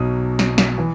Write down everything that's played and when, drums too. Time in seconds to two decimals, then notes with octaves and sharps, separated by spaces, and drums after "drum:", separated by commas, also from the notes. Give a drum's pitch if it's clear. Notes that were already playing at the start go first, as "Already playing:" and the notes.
Already playing: B1 B2 F#3 D#6
0.39 drum: snare
0.58 drum: snare
0.78 E3